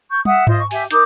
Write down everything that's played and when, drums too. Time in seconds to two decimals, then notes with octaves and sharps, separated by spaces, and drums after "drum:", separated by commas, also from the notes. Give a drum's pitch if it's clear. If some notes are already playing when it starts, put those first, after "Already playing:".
0.09 C#6 G6
0.25 E5 F#5 D#6, drum: tom
0.47 F4 C5 D#5 E5, drum: tom G#2
0.59 C#6
0.71 G4 E5 G#5, drum: open hi-hat
0.91 D#4 A#4 D6 G6, drum: hi-hat